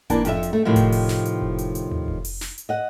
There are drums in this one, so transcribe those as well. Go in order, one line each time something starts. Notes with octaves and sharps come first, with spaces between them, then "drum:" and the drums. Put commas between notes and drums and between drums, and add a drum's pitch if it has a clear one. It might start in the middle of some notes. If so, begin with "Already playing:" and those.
E3 A#3 D4 A5, drum: kick F1, hi-hat
F2 F4 E5, drum: hi-hat
drum: hi-hat
A3
A2 C3 D#3 F3
drum: kick F1, hi-hat
drum: open hi-hat
drum: snare
drum: hi-hat
drum: kick F1
drum: hi-hat
drum: hi-hat
drum: tom D#2
drum: kick F1
drum: open hi-hat
drum: snare
drum: hi-hat
D#5 F#5